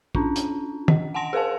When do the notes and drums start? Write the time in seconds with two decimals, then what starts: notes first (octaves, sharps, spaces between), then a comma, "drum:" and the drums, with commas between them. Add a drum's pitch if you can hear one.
0.15 C#4 D4 F4, drum: kick
0.36 drum: hi-hat
0.88 D#5, drum: tom
1.14 F#5 G#5 A5 C6 A#6 D7
1.33 G#4 A#4 C5 F5 G#5 A5